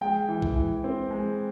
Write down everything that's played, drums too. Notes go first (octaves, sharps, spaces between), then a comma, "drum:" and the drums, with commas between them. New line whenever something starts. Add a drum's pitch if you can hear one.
G#3 G5
E3
drum: kick
E3
C4
G#3